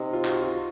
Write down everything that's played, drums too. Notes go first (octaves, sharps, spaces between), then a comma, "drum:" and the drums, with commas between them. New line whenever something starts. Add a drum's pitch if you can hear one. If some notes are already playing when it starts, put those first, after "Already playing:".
Already playing: C3 D#4
F4
F#4, drum: clap
F4